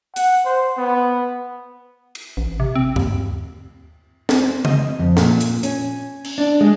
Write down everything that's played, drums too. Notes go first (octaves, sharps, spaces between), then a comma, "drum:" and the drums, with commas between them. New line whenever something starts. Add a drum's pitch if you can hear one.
F#5, drum: hi-hat
C5
B3
drum: cymbal
A1
C3
C4
D#2, drum: tom G2
C4, drum: snare
D#5, drum: tom C#3
F2
A#2, drum: snare
drum: hi-hat
C#4, drum: hi-hat
drum: cymbal
D4
G#3